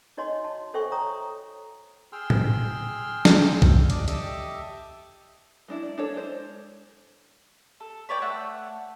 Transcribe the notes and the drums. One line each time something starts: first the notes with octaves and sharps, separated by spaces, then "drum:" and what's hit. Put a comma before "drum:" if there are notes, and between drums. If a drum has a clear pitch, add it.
D#4 F#4 C#5 D#5 G#5 C6
A5
A4 C5 E5 G5 G#5 C#6
C#5 A#5 D#6
G#4 G5 C6 E6 F6
drum: tom A2
drum: snare
drum: kick
D4 D5 D#5 D6, drum: hi-hat
G4 A4 D#5 E5 D6, drum: hi-hat
G#3 D4 E4
D5
D4 A4 C#5
G#3 C5
A4
B4 C#5 D5 G5
A3 F#5 E6 F#6